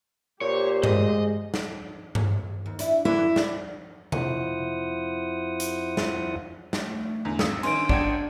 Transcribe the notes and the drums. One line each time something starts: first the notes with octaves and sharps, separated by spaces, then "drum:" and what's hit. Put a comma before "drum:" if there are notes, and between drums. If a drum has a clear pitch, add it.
A#2 G4 C5 C#5
G#3 D#5, drum: tom G2
drum: snare
drum: tom G2
D#2
D4 E4, drum: hi-hat
F#2 D3 E3 E4
D4, drum: snare
F2 E4 F4 C5 F#5 D#6, drum: tom C3
drum: hi-hat
drum: snare
drum: snare
A3
E2 D3
G#1 D#6 E6, drum: snare
D#3 C#4 B4 C6 D7, drum: cymbal
D4
G1 D4 F#5 G5 G#6, drum: kick G#1